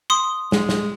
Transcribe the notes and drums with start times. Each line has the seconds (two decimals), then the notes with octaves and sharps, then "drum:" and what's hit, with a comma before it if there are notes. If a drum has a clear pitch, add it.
0.10 C6 D#6
0.52 G#3, drum: snare
0.69 drum: snare